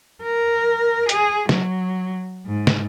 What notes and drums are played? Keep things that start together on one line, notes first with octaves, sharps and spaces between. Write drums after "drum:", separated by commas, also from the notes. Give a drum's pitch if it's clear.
A#4
G#4, drum: hi-hat
F#3, drum: snare
G#2
drum: snare